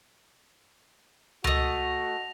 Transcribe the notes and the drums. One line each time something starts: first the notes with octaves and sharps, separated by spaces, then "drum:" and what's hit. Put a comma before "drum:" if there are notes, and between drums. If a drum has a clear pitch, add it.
A3 F#4 D#5 A#6 F7, drum: tom C#2